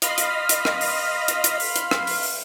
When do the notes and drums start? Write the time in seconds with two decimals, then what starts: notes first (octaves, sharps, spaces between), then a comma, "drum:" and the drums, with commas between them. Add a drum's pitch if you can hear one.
0.02 D#5 F5 B5 C6, drum: hi-hat
0.18 drum: hi-hat
0.49 drum: hi-hat
0.65 drum: rim click
0.81 drum: open hi-hat
1.28 drum: hi-hat
1.44 drum: hi-hat
1.60 drum: open hi-hat
1.76 drum: hi-hat
1.91 drum: rim click
2.07 drum: open hi-hat
2.23 drum: open hi-hat